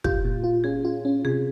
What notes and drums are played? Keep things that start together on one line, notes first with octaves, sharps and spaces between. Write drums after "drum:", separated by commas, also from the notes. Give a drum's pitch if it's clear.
F4 G4, drum: kick
A#2
F4
C#4 G#4
F4
C#4
C3 G#4